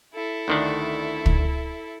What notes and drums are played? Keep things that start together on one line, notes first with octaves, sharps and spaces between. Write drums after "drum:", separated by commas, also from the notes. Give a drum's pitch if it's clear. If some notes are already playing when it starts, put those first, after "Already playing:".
E4 A4
D2 D#3 D4
drum: kick